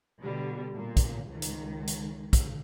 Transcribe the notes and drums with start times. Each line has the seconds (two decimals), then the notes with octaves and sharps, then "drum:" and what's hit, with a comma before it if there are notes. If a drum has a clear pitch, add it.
0.20 B2 D3 G3
0.74 A#2
0.97 drum: kick, hi-hat
1.29 C#2 D#3
1.42 drum: hi-hat
1.87 drum: hi-hat
2.33 drum: kick, hi-hat